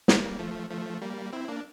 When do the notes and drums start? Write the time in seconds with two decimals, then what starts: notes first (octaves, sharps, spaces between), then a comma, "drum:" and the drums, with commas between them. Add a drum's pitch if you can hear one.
0.08 G3 A#3, drum: snare
0.39 F3 A3
0.70 F3 A3
1.02 G3 A#3
1.32 C4 E4
1.48 A#3 D4